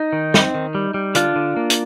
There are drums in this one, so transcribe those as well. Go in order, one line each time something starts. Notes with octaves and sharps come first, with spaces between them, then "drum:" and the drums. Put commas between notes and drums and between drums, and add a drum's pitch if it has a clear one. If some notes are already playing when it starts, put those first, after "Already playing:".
Already playing: D#4
D#3
C4, drum: snare
D#3
G3
G3
D3 D4 F4, drum: hi-hat
D3
A#3
drum: hi-hat